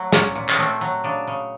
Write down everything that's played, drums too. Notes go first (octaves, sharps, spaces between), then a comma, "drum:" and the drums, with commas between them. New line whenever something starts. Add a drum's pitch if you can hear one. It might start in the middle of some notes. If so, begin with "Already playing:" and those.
Already playing: F#3 A3
A#2 C#4, drum: snare
A#2
C#4, drum: clap
A3 C4
F#3
C#3 D4
C#3